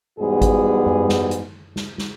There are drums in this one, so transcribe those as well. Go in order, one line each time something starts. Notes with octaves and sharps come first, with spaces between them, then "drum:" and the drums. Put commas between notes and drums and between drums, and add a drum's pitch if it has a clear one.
E2 G#2 G3 B3 F#4 G#4
drum: kick G#1, hi-hat
drum: tom F#2
drum: snare
drum: hi-hat
drum: snare
drum: snare